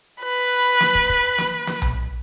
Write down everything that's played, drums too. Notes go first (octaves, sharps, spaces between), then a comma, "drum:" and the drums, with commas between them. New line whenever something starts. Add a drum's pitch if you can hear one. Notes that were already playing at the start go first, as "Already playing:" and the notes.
B4
drum: snare
drum: kick
drum: kick
drum: snare
drum: snare
drum: tom B1